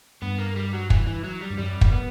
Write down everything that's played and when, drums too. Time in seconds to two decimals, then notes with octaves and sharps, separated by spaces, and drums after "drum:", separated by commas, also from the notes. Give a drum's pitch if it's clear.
0.22 G2 B3
0.38 A#3
0.56 G3
0.73 F#3
0.90 E3, drum: kick
1.07 E3
1.24 F#3
1.41 G3
1.50 G2
1.58 F#2 G3
1.81 F#2, drum: kick
1.92 B3